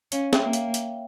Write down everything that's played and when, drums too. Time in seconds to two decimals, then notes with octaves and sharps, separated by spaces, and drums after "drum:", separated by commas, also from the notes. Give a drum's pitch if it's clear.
0.12 C#4 C#5 F5, drum: hi-hat
0.33 E5 G5, drum: snare
0.43 A#3
0.53 C#5 F5, drum: hi-hat
0.74 drum: hi-hat